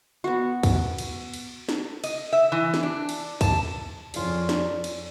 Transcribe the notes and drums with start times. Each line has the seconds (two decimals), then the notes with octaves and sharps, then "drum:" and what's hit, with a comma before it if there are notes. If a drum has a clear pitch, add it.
0.24 B3 F#4
0.63 drum: kick, cymbal
0.98 drum: cymbal
1.34 drum: cymbal
1.69 drum: snare
2.04 D#5, drum: cymbal
2.33 E5
2.52 E3
2.74 drum: snare
2.83 D4
3.09 drum: cymbal
3.41 A5, drum: kick, cymbal
4.14 F2 C#4 F4 G#4 D5, drum: cymbal
4.49 drum: snare
4.84 drum: cymbal